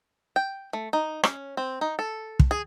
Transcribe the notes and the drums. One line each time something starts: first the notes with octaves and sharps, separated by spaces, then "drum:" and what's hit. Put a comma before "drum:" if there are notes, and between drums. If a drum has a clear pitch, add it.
G5
A3
D#4
C#4, drum: rim click
C4
D#4
A4
drum: kick
G#4